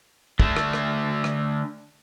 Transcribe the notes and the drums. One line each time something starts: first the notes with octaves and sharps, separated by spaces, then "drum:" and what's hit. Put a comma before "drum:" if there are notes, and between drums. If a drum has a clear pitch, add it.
D3 A3, drum: kick
drum: rim click
drum: rim click
drum: rim click